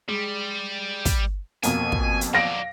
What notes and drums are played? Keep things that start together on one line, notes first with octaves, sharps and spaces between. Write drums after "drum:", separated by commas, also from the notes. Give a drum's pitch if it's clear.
G3 G#3
drum: kick, hi-hat
F2 B2 A#3 G#5, drum: hi-hat
drum: kick
drum: hi-hat
F#3 D5 F5 A#6 D7